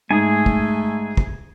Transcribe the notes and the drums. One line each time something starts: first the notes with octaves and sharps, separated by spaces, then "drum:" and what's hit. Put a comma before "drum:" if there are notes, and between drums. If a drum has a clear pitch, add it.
G#2 A3 G#4 G#5
drum: kick
drum: kick